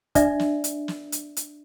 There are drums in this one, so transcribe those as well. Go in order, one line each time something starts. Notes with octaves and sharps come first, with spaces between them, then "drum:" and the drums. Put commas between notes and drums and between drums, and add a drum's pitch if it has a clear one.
D4 D5 E5, drum: kick, hi-hat
drum: snare
drum: hi-hat
drum: snare
drum: hi-hat
drum: hi-hat